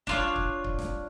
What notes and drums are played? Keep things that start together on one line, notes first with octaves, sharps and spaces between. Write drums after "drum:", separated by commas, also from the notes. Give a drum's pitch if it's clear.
D4 F4 C#5, drum: snare
drum: kick C#1
drum: kick C#1
drum: snare